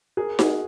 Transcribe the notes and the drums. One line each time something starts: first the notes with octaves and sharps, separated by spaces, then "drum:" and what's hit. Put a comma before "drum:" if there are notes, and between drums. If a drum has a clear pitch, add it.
G#4 A#4
F#4 G#4, drum: snare D#4